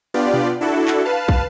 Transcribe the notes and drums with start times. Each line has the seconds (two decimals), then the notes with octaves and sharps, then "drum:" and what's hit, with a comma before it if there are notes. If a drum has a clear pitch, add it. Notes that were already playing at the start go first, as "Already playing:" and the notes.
0.14 B3 D4 F4 G4 D5
0.34 drum: tom B2
0.61 D4 E4 F#4 A4
0.88 drum: clap
1.05 B4 F5 A5
1.28 drum: kick